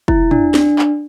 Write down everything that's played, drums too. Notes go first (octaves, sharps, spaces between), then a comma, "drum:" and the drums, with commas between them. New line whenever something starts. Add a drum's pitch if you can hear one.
E4, drum: kick
D4, drum: tom
D4, drum: snare
drum: clap